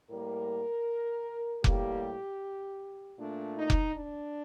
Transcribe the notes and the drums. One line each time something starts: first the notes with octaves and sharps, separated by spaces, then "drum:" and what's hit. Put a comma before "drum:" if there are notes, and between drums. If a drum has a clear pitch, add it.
A2 G3 A#3 A#4
A2 G3 A#3 G4, drum: kick F1
A#2 A3 D4
D#4
drum: kick F1
D4